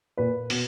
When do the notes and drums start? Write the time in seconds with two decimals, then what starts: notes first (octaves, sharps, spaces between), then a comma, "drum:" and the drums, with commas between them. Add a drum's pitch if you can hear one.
0.17 A#2 B4
0.50 B2, drum: open hi-hat